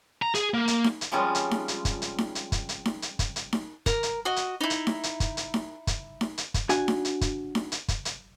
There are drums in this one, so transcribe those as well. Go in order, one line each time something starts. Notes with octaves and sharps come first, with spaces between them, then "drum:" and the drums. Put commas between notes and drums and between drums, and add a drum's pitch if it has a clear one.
A#5
G#4, drum: hi-hat
A#3
drum: hi-hat
drum: snare D#4
drum: hi-hat
F3 G3 G#3 C4 C#4 F4
drum: hi-hat
drum: snare D#4
drum: hi-hat
drum: kick, hi-hat
drum: hi-hat
drum: snare D#4
drum: hi-hat
drum: kick, hi-hat
drum: hi-hat
drum: snare D#4
drum: hi-hat
drum: kick, hi-hat
drum: hi-hat
drum: snare D#4
A#4, drum: kick, hi-hat
drum: hi-hat
F#4 D#5
drum: hi-hat
D#4 E4
drum: hi-hat
drum: snare D#4
drum: hi-hat
drum: kick, hi-hat
drum: hi-hat
drum: snare D#4
drum: kick, hi-hat
drum: snare D#4
drum: hi-hat
drum: kick, hi-hat
D4 F#4 G#5, drum: hi-hat
drum: snare D#4
drum: hi-hat
drum: kick, hi-hat
drum: snare D#4
drum: hi-hat
drum: kick, hi-hat
drum: hi-hat